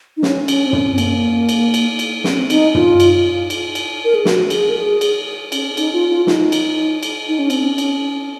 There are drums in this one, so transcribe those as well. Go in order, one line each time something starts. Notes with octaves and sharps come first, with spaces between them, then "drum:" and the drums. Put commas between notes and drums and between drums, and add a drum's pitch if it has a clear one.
D#4
C#4, drum: snare
C#4, drum: cymbal
C4
C#4, drum: tom
C4
A#3, drum: cymbal
drum: cymbal
drum: cymbal
drum: cymbal
C4, drum: snare
C#4
C4
D#4, drum: cymbal
F4, drum: tom
drum: cymbal
drum: cymbal
drum: cymbal
A#4
G#4
F#4, drum: snare
G#4, drum: cymbal
A#4
G#4
drum: cymbal
C#4, drum: cymbal
D#4, drum: cymbal
F4
F4
D#4, drum: snare
drum: cymbal
drum: cymbal
D#4
C#4
C4, drum: cymbal
C#4
drum: cymbal